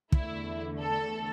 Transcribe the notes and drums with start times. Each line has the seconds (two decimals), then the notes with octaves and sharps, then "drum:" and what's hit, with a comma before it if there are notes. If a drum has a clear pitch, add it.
0.12 E2 D3 A3 E4, drum: kick
0.80 A4